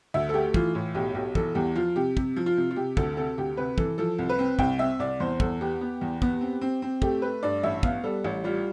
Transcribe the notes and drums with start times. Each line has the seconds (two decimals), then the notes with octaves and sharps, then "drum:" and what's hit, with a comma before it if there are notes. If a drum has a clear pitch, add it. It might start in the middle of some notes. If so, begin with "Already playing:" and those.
0.14 D2 E5
0.29 A4
0.34 A3 G4
0.54 E3 F4, drum: kick
0.74 A2 F4
0.94 B1 G4
1.14 B1 G4
1.35 E3 A4, drum: kick
1.55 E2 G4
1.76 F3 F4
1.96 C3 G4
2.17 C3, drum: kick
2.36 F3
2.46 F4
2.57 C3
2.71 F4
2.76 C3 G4
2.97 D2 A4, drum: kick
3.17 C3 A4
3.38 D2 G4
3.57 C3 B4
3.78 E3 A4, drum: kick
3.98 F3 A4
4.19 C2
4.29 B4
4.39 C4
4.59 C2 G5, drum: kick
4.79 C4 E5
4.99 C2 D5
5.20 E2 C5
5.40 E2 A4, drum: kick
5.61 B3 G4
5.81 B3
6.01 E2
6.22 B3, drum: kick
6.41 C4
6.61 C4
6.82 C4
7.02 A3 G4, drum: kick
7.22 A3 B4
7.43 G2 D5
7.63 A1 E5
7.83 B3 F5, drum: kick
8.04 G3 A4
8.24 A1
8.44 G3 F4